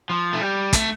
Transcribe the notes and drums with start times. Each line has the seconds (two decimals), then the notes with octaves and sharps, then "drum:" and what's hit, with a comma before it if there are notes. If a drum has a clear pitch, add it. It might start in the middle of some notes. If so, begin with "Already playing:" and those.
0.10 F3
0.33 A3
0.41 G3
0.73 A3, drum: kick, hi-hat